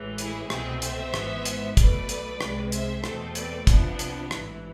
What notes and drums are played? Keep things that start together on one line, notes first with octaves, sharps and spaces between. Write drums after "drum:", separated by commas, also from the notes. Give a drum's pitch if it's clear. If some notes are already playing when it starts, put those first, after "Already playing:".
Already playing: A1 A2 E3 G#3
E4 G#4, drum: hi-hat
C2 B2 A3 C4 E4 G#4, drum: rim click
C5 E5, drum: hi-hat
G#1 G#2 E3 B3, drum: rim click
drum: hi-hat
B1 B2 A3 B4 D5, drum: kick, hi-hat
drum: hi-hat
C2 C3 G#3, drum: rim click
C5 E5, drum: hi-hat
E2 B2 A3 C4 A4 C5, drum: rim click
B4 D5, drum: hi-hat
C2 C3 F3 B3 D4 E4, drum: kick, hi-hat
drum: hi-hat
A1 G#2 E3, drum: rim click